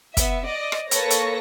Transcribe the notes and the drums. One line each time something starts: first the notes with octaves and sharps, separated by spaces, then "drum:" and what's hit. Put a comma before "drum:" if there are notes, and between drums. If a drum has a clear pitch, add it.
B3 E5, drum: kick, hi-hat
D5 D#5
drum: rim click
A#3 A4 B4 C#5 C#6 A#6, drum: hi-hat
drum: hi-hat